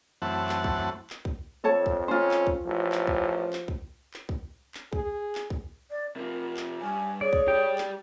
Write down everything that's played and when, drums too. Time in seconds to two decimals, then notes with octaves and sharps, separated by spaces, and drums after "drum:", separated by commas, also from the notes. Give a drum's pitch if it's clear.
0.22 F#2 E3 A3 C4 F#5 A5
0.49 drum: clap
0.64 drum: kick C2
1.10 drum: clap
1.25 drum: kick C2
1.64 F2 A4 C#5 A5
1.86 drum: kick C2
2.08 C#4 F4 C5
2.31 drum: clap
2.47 drum: kick C2
2.66 A1 F3
2.92 drum: clap
3.07 drum: kick C2
3.53 drum: clap
3.68 drum: kick C2
4.14 drum: clap
4.29 drum: kick C2
4.74 drum: clap
4.93 G#4, drum: kick C2
5.35 drum: clap
5.50 drum: kick C2
5.91 D5
6.16 C3 F3 A#4
6.57 drum: clap
6.81 G2 G#5
7.21 G#4 C#5 D5
7.33 drum: kick C2
7.48 G4 D5 G5
7.78 drum: clap